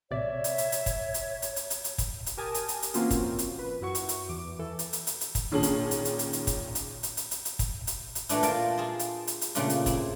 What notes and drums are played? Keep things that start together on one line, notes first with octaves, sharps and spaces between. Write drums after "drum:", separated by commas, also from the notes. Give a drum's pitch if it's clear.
A#1 C3 C#5 D5 E5
drum: hi-hat
drum: hi-hat
drum: hi-hat
drum: kick, hi-hat
drum: hi-hat
drum: hi-hat
drum: hi-hat
drum: hi-hat
drum: hi-hat
drum: kick, hi-hat
drum: hi-hat
G4 A#4 G#5 A5 D#6
drum: hi-hat
drum: hi-hat
drum: hi-hat
E3 A#3 C4 C#4 F4 F#4, drum: hi-hat
drum: kick, hi-hat
drum: hi-hat
B4
F#2 E4 F#4 C#6
drum: hi-hat
drum: hi-hat
E2 D6
E3 A4
drum: hi-hat
drum: hi-hat
drum: hi-hat
drum: hi-hat
drum: kick, hi-hat
A#2 D#3 C#4 G#4 A5 F#7
drum: hi-hat
drum: hi-hat
drum: hi-hat
drum: hi-hat
drum: hi-hat
drum: kick, hi-hat
drum: hi-hat
drum: hi-hat
drum: hi-hat
drum: hi-hat
drum: hi-hat
drum: kick, hi-hat
drum: hi-hat
drum: hi-hat
A#2 E3 A3 D4 E4, drum: hi-hat
F4 A#4 C5 D5, drum: hi-hat
F4 G#4 A5 C6
drum: hi-hat
drum: hi-hat
drum: hi-hat
A#2 C#3 A3 D4 F4, drum: hi-hat
drum: hi-hat
C4 E4, drum: kick, hi-hat